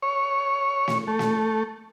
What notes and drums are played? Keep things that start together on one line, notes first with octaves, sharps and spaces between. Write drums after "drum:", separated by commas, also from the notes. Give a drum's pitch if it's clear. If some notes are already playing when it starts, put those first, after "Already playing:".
C#5
drum: snare
A3
drum: snare